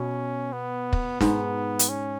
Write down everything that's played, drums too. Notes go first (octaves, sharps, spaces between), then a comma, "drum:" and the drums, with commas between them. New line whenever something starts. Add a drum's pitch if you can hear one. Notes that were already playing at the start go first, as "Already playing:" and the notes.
Already playing: B2 C#4
B3
drum: kick
G#2 B3, drum: snare
drum: hi-hat
C#4